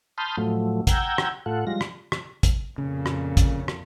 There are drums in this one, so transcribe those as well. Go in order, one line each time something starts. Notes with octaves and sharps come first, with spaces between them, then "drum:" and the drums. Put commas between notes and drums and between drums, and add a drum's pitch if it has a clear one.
A5 B5 C6 D#6 F6 G6
A2 F3 F#3 A3
F#5 G5 A#5 E6 G6 G#6, drum: kick, hi-hat
drum: rim click
A2 F4 A4 F#5
F3 G3 G#3 F4 A#6
drum: rim click
drum: rim click
drum: kick, hi-hat
F2 A#2 C#3
drum: rim click
drum: kick, hi-hat
drum: rim click